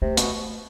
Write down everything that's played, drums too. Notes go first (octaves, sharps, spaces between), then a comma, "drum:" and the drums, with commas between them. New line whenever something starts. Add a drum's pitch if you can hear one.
C3 A3
B2, drum: hi-hat